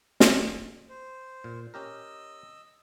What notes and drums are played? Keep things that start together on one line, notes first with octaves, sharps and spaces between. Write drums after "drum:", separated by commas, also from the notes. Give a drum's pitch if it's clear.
drum: snare
C5
A#2
C#4 G4 A#4 D#5 E6